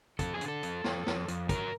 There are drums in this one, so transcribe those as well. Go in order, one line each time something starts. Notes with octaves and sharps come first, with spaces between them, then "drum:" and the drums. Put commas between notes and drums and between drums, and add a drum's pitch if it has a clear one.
F2 A4, drum: kick, hi-hat
G#4
D3, drum: hi-hat
A4
F2, drum: hi-hat
F2, drum: snare
F2, drum: snare
F2, drum: hi-hat
F#3 A#4, drum: kick, hi-hat